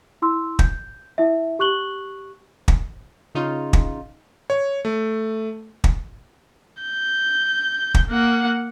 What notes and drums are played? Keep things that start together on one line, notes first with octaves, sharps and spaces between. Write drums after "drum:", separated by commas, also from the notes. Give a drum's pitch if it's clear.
E4 C6 E6
G6, drum: kick
E4 E5
G4 C#6 F#6 F#7 G7
drum: kick
C#3 D#4 F4
drum: kick
C#5
A3
drum: kick
G6
drum: kick
A#3 F#5